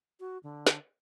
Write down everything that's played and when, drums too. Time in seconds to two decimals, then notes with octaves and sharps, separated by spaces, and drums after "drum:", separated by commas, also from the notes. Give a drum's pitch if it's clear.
0.20 F#4
0.43 D3
0.67 drum: snare